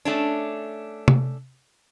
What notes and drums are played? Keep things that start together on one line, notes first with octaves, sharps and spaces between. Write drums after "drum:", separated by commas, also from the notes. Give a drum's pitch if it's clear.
A3 C#4 D4
drum: tom C3